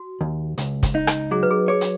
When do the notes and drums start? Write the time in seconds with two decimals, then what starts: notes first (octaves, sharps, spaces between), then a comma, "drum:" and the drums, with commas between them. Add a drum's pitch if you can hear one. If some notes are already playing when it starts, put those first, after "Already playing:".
Already playing: F#4
0.21 D#2
0.58 C#2, drum: hi-hat
0.83 drum: kick, hi-hat
0.95 D#4
1.07 drum: rim click
1.31 F#3 G#4
1.43 B4
1.50 G#4
1.68 G#4 C#5
1.81 drum: hi-hat